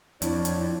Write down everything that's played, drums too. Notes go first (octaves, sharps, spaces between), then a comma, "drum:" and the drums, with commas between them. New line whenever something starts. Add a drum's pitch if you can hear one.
F2 D4 E4 C#5, drum: hi-hat
drum: hi-hat